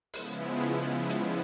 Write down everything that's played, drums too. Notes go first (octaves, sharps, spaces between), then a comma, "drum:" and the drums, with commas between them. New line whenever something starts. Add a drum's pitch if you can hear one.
C#3 F3 G#3 B3 E4, drum: open hi-hat
drum: hi-hat